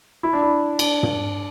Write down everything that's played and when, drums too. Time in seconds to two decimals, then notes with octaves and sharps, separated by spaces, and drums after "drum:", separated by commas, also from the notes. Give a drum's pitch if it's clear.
0.23 E4
0.33 D4
0.42 E4
0.79 D4, drum: cymbal
1.03 drum: tom